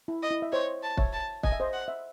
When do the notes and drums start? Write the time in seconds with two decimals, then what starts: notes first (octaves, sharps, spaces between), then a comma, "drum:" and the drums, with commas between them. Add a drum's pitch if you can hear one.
0.08 E4
0.22 D#5
0.31 E4
0.42 E5
0.52 C5 C#5 D#5
0.82 A5
0.97 C#5 E5, drum: kick
1.13 A5
1.43 D#5 G#5, drum: kick
1.52 E5
1.60 C5 D#5
1.73 F#5
1.88 E5